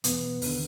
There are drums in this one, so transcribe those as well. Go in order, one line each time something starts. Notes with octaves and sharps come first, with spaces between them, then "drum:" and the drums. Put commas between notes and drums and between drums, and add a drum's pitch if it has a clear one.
E2 B2 B3, drum: hi-hat
D#2 D3, drum: open hi-hat